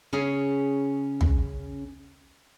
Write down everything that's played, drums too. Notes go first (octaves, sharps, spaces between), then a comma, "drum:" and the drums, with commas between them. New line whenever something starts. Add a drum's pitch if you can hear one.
C#3 C#4 G#4 G#5
drum: tom